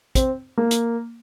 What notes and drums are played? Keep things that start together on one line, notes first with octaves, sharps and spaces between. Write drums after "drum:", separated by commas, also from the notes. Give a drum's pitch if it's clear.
C4, drum: kick, hi-hat
A#3
drum: hi-hat